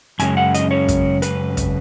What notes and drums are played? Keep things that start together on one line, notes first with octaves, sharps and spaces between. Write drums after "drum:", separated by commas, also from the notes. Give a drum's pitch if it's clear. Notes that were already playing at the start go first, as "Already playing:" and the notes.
F#2 C#3 G#3 C#4 G#5, drum: hi-hat
F#5
D#5, drum: hi-hat
C#5
drum: kick, hi-hat
B4, drum: hi-hat
drum: kick, hi-hat